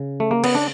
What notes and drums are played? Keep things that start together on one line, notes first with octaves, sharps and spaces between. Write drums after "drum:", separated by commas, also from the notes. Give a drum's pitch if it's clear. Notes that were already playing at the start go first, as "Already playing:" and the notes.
Already playing: C#3
A3
A#3
B3, drum: cymbal
D4